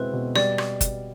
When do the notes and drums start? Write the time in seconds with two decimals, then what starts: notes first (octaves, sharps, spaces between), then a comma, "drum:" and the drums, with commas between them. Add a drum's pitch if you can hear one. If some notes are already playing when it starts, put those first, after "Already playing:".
Already playing: B2 G#3 C4 E4 B4
0.13 B2
0.35 G3 D5, drum: rim click
0.58 drum: rim click
0.81 drum: kick, hi-hat